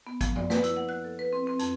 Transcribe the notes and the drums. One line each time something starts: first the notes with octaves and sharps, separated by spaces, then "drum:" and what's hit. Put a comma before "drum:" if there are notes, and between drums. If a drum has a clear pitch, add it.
B3
F3, drum: kick, hi-hat
D5, drum: tom F#2
B4, drum: snare
E4, drum: hi-hat
F#5
F#6
A4
B4
C4
C4
F2, drum: hi-hat